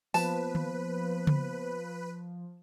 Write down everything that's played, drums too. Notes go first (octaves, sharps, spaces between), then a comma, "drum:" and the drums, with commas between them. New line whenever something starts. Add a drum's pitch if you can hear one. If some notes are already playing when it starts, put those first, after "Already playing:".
F3 A#3 B3 B4 C5 A5, drum: open hi-hat
drum: tom D#3
drum: tom C#3